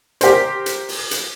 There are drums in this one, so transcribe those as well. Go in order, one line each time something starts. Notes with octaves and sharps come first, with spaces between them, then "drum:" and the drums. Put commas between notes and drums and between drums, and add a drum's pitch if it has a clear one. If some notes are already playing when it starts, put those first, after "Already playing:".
G4 A#4 C5, drum: hi-hat
drum: hi-hat
drum: open hi-hat
drum: hi-hat